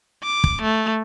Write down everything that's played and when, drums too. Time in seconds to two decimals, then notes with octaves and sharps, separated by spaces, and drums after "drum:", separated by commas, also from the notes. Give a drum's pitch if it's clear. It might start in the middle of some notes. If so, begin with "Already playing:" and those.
0.24 D6
0.44 drum: kick
0.62 A3